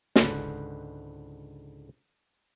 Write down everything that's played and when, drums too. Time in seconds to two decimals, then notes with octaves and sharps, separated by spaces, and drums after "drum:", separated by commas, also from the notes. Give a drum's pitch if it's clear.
0.16 C#2 G#2 D3 B4, drum: snare